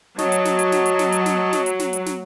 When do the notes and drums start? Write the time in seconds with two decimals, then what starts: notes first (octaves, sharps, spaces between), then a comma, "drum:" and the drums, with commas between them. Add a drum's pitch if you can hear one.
0.18 F#3 C#5 D#5 A5, drum: snare
0.32 drum: hi-hat
0.45 drum: snare
0.59 drum: hi-hat
0.72 drum: snare
0.86 drum: hi-hat
0.99 drum: snare
1.12 drum: hi-hat
1.26 drum: snare
1.53 drum: snare
1.66 drum: hi-hat
1.79 drum: snare
1.93 drum: hi-hat
2.06 drum: snare